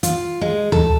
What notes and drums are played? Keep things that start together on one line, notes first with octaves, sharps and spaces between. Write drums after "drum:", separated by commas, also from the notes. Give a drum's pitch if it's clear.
F4, drum: hi-hat
G#3
A4, drum: tom D2